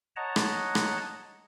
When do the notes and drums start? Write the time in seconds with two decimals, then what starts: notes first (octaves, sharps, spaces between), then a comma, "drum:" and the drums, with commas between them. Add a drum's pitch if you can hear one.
0.16 C#5 D#5 F#5 A5 A#5
0.36 drum: rim click
0.75 drum: rim click